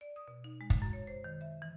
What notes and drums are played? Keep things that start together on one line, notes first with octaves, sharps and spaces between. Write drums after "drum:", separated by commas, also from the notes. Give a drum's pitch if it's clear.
D5
D#6
B2
D#4
G#3
drum: kick
F#2
C#5
C5
D#3
E5
E3